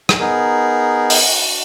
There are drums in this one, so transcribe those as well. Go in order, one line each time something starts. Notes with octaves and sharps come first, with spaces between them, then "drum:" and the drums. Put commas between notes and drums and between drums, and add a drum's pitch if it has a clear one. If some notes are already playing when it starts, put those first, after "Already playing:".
G#4, drum: rim click
B3 D#4 G#4 A#4
drum: open hi-hat
D4 F#4